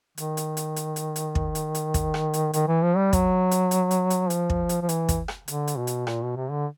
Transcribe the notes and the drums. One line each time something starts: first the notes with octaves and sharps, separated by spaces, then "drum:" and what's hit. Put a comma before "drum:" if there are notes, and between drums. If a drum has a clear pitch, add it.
D#3, drum: hi-hat
drum: hi-hat
drum: hi-hat
drum: hi-hat
drum: hi-hat
drum: hi-hat
drum: kick
drum: hi-hat
drum: hi-hat
drum: kick, hi-hat
drum: rim click
drum: hi-hat
D#3, drum: hi-hat
E3
F3
G3
F#3, drum: kick, hi-hat
drum: hi-hat
drum: hi-hat
drum: hi-hat
drum: hi-hat
F3, drum: hi-hat
drum: kick
drum: hi-hat
F3
E3, drum: hi-hat
drum: kick, hi-hat
drum: rim click
D3, drum: hi-hat
drum: hi-hat
B2
drum: hi-hat
A#2, drum: rim click
B2
C3
D3